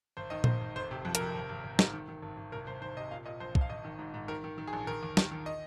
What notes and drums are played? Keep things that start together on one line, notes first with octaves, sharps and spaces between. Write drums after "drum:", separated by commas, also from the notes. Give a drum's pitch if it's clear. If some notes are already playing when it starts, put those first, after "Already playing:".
G#1 C5
D#3 D#5
G#2 C5, drum: tom A#2
G#1
F1 C5
C3
F2
A#4, drum: hi-hat
C3
G#1
G#1
G#1
G#2, drum: snare
D#3
D#3
G#1
G#1
C2 A#4
C2 C5
D#3 C5
C3 D#5
A#2 F5
A#2 D#5
A#1 C5
A#1, drum: kick
F5
G#1 D#5
D#3
G#2
G#2
D#3 A#4
D#3
D#3
G#4
A#1
D#3 A#4
D#2
D#3, drum: snare
D#3
D#5